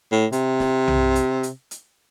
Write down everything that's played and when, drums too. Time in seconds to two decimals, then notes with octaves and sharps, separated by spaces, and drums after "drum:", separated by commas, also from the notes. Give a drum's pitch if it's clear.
0.12 A2
0.32 C3, drum: hi-hat
0.60 drum: snare
0.88 drum: tom B1
1.15 drum: hi-hat
1.43 drum: hi-hat
1.71 drum: hi-hat